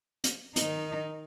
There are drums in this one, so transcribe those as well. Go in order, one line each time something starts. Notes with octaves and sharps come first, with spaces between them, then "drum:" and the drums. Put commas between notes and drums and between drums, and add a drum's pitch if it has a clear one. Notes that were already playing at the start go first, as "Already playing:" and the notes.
drum: hi-hat
D#3 D#4, drum: hi-hat